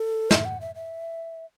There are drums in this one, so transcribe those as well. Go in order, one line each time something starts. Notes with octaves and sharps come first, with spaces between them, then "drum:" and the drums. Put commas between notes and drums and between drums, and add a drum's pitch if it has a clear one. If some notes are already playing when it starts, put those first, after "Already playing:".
Already playing: A4
E5, drum: snare
F#5
E5
E5